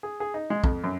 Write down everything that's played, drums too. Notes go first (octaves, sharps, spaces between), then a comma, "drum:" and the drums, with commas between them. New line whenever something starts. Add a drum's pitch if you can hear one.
G#4
G#4
D#4
G#3
F2, drum: kick
F#2